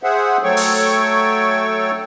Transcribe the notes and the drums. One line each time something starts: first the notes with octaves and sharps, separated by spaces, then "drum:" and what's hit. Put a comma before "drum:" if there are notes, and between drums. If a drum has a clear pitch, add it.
G#4 C5 E5 F#5
F#3 A3 A4 C#5 G5 C#6
drum: open hi-hat